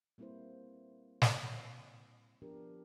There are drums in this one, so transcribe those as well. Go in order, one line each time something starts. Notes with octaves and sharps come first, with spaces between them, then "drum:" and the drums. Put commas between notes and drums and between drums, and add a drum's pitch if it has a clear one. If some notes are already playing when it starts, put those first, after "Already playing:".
G3 A#3 C4 E4 B4 C5
drum: snare
F3 B3 D4 G4 A#4